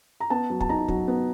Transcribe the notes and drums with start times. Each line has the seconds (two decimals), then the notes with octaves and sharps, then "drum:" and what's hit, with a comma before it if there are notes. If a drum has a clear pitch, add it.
0.20 A#5
0.30 B3 A5
0.50 F#3
0.61 A5, drum: kick
0.69 D#4 A#5
0.88 F#3, drum: kick
1.08 B3